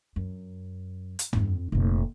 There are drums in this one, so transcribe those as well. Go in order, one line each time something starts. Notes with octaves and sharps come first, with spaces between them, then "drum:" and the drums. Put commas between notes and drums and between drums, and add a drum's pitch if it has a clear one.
F#2
drum: hi-hat
F2 C4, drum: tom
F1 A#2